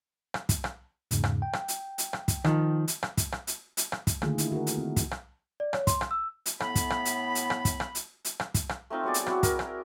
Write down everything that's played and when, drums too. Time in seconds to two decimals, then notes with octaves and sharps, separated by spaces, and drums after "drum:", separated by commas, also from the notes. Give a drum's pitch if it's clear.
0.34 drum: rim click
0.49 drum: kick, hi-hat
0.64 drum: rim click
1.11 E2 G#2 C#3, drum: hi-hat
1.24 drum: rim click
1.42 G5
1.53 drum: rim click
1.68 drum: hi-hat
1.98 drum: hi-hat
2.13 drum: rim click
2.28 drum: kick, hi-hat
2.44 D#3 F3, drum: rim click
2.88 drum: hi-hat
3.03 drum: rim click
3.17 drum: kick, hi-hat
3.32 drum: rim click
3.47 drum: hi-hat
3.77 drum: hi-hat
3.92 drum: rim click
4.07 drum: kick, hi-hat
4.22 D3 D#3 A3 A#3 F4 G#4, drum: rim click
4.38 E4, drum: hi-hat
4.52 F#4 G#4 A#4
4.67 drum: hi-hat
4.77 A#3 C4
4.96 drum: kick, hi-hat
5.11 drum: rim click
5.60 D5
5.73 C#5, drum: rim click
5.87 C6, drum: kick, hi-hat
6.01 drum: rim click
6.11 E6
6.46 drum: hi-hat
6.60 A2 B3 B5, drum: rim click
6.75 drum: kick, hi-hat
6.90 drum: rim click
7.05 drum: hi-hat
7.35 drum: hi-hat
7.50 drum: rim click
7.65 drum: kick, hi-hat
7.80 drum: rim click
7.95 drum: hi-hat
8.25 drum: hi-hat
8.40 drum: rim click
8.54 drum: kick, hi-hat
8.69 drum: rim click
8.90 A3 C4 D#4 F4
9.03 F#3 B3 G#4 D5
9.14 drum: hi-hat
9.26 C4 E4 F#4, drum: rim click
9.43 A#4, drum: kick, hi-hat
9.59 drum: rim click